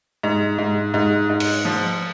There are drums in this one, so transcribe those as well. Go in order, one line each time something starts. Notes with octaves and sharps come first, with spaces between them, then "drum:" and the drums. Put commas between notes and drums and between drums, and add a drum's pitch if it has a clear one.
G#2
G#2
G#2
G#2
drum: cymbal
F3